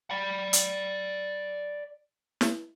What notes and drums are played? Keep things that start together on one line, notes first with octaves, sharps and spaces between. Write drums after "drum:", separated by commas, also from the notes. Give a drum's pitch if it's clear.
D5 B5
drum: hi-hat
drum: snare